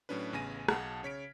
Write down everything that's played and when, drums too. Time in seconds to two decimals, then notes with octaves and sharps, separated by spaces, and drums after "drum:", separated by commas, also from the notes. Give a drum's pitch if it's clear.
0.09 A2 F#3 C#4 D4 B4
0.33 A1 C#3 B3 G#5 A#6 D#7
0.68 B1 G#4 F#5 A5 F6 G#6, drum: rim click
1.03 C#3 C#5 B6 D7